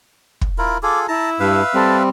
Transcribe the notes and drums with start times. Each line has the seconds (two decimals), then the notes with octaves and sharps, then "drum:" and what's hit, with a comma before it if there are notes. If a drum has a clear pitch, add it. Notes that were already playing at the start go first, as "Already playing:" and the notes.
0.41 drum: kick
0.58 E4 F4 A#4
0.83 F4 G#4 A4 D6
1.08 E4 A5 A#5
1.40 G2 B4 E5 F5
1.74 G3 C4 A4